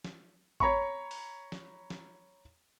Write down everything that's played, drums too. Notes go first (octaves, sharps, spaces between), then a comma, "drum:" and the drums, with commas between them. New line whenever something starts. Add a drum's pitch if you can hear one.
drum: snare
C#5 A#5 B5 C#6, drum: kick G#1
drum: open hi-hat
drum: snare
drum: snare